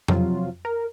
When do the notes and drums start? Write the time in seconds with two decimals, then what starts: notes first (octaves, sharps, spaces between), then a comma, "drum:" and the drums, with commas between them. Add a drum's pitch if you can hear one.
0.08 C3 F3 F#3 F4, drum: tom F2
0.65 A#4